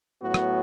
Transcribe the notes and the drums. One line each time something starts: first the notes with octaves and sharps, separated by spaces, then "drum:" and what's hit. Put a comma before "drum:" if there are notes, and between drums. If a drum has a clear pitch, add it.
A2 F#3 B3 F#4
drum: rim click